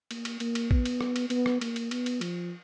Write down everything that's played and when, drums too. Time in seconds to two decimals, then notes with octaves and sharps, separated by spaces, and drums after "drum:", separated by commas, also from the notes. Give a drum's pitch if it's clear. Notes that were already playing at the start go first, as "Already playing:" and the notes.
0.11 A#3, drum: cymbal
0.25 drum: cymbal
0.40 A#3, drum: cymbal
0.55 drum: cymbal
0.71 B3, drum: kick A#1
0.85 drum: cymbal
1.01 drum: rim click
1.16 drum: cymbal
1.30 B3, drum: cymbal
1.46 drum: rim click
1.61 A#3, drum: cymbal
1.76 drum: cymbal
1.91 B3, drum: cymbal
2.06 drum: cymbal
2.21 F3, drum: cymbal